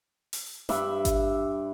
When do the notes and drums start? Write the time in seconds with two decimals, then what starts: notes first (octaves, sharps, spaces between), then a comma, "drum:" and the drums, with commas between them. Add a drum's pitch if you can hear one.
0.33 drum: open hi-hat
0.69 G2 E5 B5, drum: snare
1.05 drum: kick G#1, hi-hat